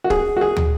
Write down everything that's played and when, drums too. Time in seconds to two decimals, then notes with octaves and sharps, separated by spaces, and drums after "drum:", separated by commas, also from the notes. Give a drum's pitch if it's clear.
0.04 F#4
0.10 G#4, drum: kick
0.37 F#4
0.41 G#4
0.57 drum: tom